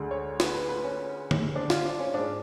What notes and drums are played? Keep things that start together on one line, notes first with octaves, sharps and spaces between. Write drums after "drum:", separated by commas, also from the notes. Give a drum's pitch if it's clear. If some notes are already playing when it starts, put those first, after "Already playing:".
Already playing: D2 D3 G#3
C#5
B4, drum: snare
B4
B4
C#4
drum: tom D3
D4
F4, drum: snare
D4
C#4
G#2 G#3 D4